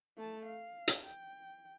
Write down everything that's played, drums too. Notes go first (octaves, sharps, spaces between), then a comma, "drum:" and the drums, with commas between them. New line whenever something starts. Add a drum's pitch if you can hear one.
A3 A5
F5
drum: hi-hat
G5